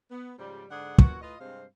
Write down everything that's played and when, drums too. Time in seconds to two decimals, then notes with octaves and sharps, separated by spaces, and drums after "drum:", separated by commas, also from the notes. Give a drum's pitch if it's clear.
0.11 B3
0.38 G#2 C#3 F3 G3
0.71 G#2 D3 D4 G#4 F#5
0.98 F#2 A#2 E3 F#4, drum: kick
1.21 A2 F4 B4 D#5
1.40 G2 C3 G#3 C4 C5 F5